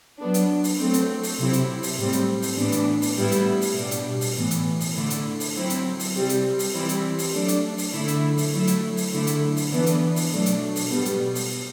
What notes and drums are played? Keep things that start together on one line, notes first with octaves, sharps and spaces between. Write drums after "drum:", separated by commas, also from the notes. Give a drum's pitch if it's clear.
F#3 B3 D4
drum: hi-hat
drum: open hi-hat
F#3 A3 C4
drum: hi-hat
drum: open hi-hat
C3 F#3 C4 E4
drum: hi-hat
drum: open hi-hat
A2 G3 C4
drum: hi-hat
drum: open hi-hat
A2 E3 B3 D4
drum: hi-hat
drum: open hi-hat
A2 G3 B3 E4
drum: hi-hat
drum: open hi-hat
B2 G3 D4
drum: hi-hat
drum: open hi-hat
A2 E3 B3
drum: hi-hat
drum: open hi-hat
D3 A3 E4
drum: hi-hat
drum: open hi-hat
F#3 C4 E4
drum: hi-hat
drum: open hi-hat
C3 G3 C4
drum: hi-hat
drum: open hi-hat
E3 G3 C4 E4
drum: hi-hat
drum: open hi-hat
F#3 A3 D4
drum: hi-hat
drum: open hi-hat
D3 A3 E4
drum: hi-hat
drum: open hi-hat
F#3 A3 E4
drum: hi-hat
drum: open hi-hat
D3 A3 E4
drum: hi-hat
drum: open hi-hat
E3 B3 D4
drum: hi-hat
drum: open hi-hat
B2 F#3 A3 D4
drum: hi-hat
drum: open hi-hat
B2 G3 B3
drum: hi-hat
drum: open hi-hat